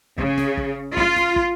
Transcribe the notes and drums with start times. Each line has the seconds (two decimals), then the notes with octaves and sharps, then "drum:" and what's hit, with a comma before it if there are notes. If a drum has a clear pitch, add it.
0.18 C#3, drum: kick
0.38 drum: snare
0.57 drum: kick
0.97 F4, drum: kick
1.16 drum: snare
1.36 drum: kick